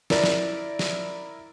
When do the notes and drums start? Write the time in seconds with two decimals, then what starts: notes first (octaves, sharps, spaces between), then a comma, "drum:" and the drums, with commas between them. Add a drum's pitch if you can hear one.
0.10 E4 A#4 D5, drum: snare
0.24 drum: snare
0.79 drum: snare